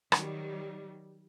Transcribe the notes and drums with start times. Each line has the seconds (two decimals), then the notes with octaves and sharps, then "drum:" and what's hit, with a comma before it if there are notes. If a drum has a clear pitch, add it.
0.12 D#3 F#3 G3, drum: rim click